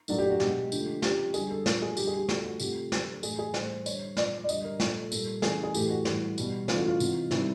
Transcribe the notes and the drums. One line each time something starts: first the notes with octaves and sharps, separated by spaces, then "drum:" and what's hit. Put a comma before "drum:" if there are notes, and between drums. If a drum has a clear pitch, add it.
A#2 F#3 A3 D4, drum: tambourine
G4
F#4
B2 G#3 G4, drum: snare
D3 F3 A3, drum: tambourine
C#3 F3 G#3 G4, drum: snare
D3 G3 G#4, drum: tambourine
A4
A#2 F3 A3 A#4, drum: snare
G#4
D3 G3 G4, drum: tambourine
G#4
G4
D3 F3 A3 F#4, drum: snare
F#4
C3 F3 A3 G4, drum: tambourine
D3 F#3 A3, drum: snare
A2 E3 A3 G#4, drum: tambourine
G#4
A2 E3 G3 C5, drum: snare
D3 G3 C#5, drum: tambourine
A#2 F3 G#3 D5, drum: snare
D5
D3 G3 D#5, drum: tambourine
A#4
A#2 F3 A3 A4, drum: snare
A#2 G3 A4, drum: tambourine
C#3 E3 A3 G#4, drum: snare
G#4
A2 E3 A3 G4, drum: tambourine
F#4
A2 E3 G3, drum: snare
B2 G3, drum: tambourine
C#3 E3 A3 F4, drum: snare
F#4
F4
C3 E3 G#3, drum: tambourine
C3 D#3 G3 E4, drum: snare